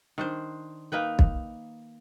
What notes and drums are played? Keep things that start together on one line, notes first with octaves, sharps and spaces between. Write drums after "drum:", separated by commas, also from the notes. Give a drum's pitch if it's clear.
D#3 D4 C5
A#3 D#4 B4 G5
drum: kick